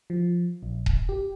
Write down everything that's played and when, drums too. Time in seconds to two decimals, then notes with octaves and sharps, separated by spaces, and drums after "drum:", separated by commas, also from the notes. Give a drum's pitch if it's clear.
0.10 F3
0.63 A#1
0.86 drum: kick D#1
1.09 G4